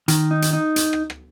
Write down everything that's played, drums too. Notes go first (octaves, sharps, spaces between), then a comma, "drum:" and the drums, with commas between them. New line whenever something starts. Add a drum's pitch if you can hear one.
D#3, drum: hi-hat
D#4
drum: hi-hat
D#4
drum: hi-hat
drum: rim click
drum: rim click